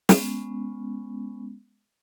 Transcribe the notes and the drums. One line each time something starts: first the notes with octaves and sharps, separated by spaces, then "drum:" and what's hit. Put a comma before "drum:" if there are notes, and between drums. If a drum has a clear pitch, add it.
G#3 B3 C#4, drum: snare